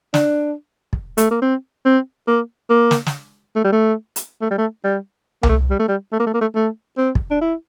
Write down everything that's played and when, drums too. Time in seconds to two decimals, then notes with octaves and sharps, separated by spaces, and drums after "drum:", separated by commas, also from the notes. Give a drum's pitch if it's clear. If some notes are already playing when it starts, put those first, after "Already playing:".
0.14 D4, drum: snare
0.93 drum: kick
1.17 A3, drum: hi-hat
1.31 A#3
1.42 C4
1.85 C4
2.28 A#3
2.70 A#3
2.91 drum: snare
3.06 drum: snare
3.56 A3
3.65 G3
3.73 A3
4.16 drum: hi-hat
4.42 A3
4.51 G3
4.58 A3
4.84 G3
5.43 A#3, drum: tom C2
5.49 A3
5.70 G3
5.79 A3
5.88 G3
6.13 A3
6.20 A#3
6.27 A3
6.34 A#3
6.41 A3
6.55 A3
6.98 C4
7.15 drum: kick
7.31 D4
7.41 E4